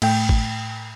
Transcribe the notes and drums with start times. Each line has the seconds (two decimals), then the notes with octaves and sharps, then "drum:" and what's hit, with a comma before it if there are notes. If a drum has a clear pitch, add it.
0.02 A2 A3 G5, drum: cymbal
0.29 drum: kick G#1